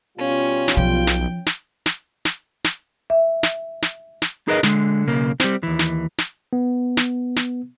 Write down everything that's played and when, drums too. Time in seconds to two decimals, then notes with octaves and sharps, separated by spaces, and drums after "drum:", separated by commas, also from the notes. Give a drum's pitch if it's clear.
0.18 B2 G3 C#4 F4
0.68 drum: snare
0.77 B1 F3 G5
1.07 drum: snare
1.46 drum: snare
1.86 drum: snare
2.25 drum: snare
2.64 drum: snare
3.10 E5
3.43 drum: snare
3.82 drum: snare
4.22 drum: snare
4.48 D#4 G#4 A#4 B4 D#5
4.63 D3 G#3, drum: snare
5.07 B1 C#3 A#3
5.40 G3 C4, drum: snare
5.63 D#2 E3
5.79 drum: snare
6.18 drum: snare
6.53 B3
6.97 drum: snare
7.36 drum: snare